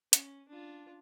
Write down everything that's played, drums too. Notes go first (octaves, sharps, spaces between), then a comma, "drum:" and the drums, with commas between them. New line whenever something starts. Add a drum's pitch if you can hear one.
C#4, drum: hi-hat
D4 F4